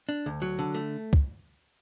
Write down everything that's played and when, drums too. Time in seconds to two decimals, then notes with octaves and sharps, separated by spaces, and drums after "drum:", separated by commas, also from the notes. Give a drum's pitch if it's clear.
0.09 D4
0.26 D2
0.42 F#3
0.59 D3
0.74 A3
1.13 drum: kick